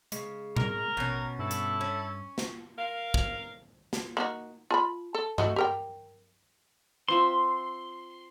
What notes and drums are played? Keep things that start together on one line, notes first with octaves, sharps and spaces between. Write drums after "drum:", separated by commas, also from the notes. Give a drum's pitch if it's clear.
C#3 G#3, drum: hi-hat
A#4, drum: tom A2
A1 B2 C#4
G2 E4 A4
drum: hi-hat
C#4
drum: snare
A#4 F5
drum: kick
drum: snare
A#3 D#4 F#4
F4 A5 B5
A4
A3 F#4 D#5, drum: tom G2
G4 A#4 G5
C4 F4 E5 C6